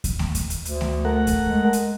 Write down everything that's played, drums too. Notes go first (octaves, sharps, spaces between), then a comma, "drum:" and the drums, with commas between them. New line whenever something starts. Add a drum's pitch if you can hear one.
drum: kick D#2, hi-hat
drum: snare A3
drum: kick D#2, hi-hat
drum: hi-hat
D2, drum: hi-hat
drum: snare A3
A3 A#4 F#5
drum: kick D#2, hi-hat
G#3
drum: hi-hat